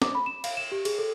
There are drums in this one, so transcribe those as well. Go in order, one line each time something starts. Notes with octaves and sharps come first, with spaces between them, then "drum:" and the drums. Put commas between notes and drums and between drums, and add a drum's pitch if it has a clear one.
D6, drum: snare
B5
E7
F5, drum: cymbal
E7
G4
G#4, drum: cymbal
A4